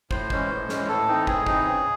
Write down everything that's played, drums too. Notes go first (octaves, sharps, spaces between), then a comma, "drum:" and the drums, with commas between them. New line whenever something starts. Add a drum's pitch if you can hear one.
A2 C5, drum: kick
E3 G#3 C#4, drum: kick
A2
E3 G#3 C#4, drum: snare
A2 A4
E3 C4 D#4
A2 G#4, drum: kick
E3 C4 D#4, drum: kick
C#3